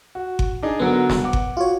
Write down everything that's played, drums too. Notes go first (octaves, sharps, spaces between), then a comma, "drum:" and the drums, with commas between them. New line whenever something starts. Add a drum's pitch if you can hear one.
F#4
drum: kick G1
D4 D#4 G#4
D3 F#3 B3 A#4
drum: snare
F#5 D6
drum: kick G1
F4 F#4 C#5